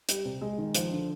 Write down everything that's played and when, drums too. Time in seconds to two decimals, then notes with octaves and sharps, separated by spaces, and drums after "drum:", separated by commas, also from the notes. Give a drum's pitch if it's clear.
0.09 G3, drum: hi-hat
0.25 C3
0.41 G#3
0.58 D#3
0.75 F3, drum: hi-hat
0.91 D3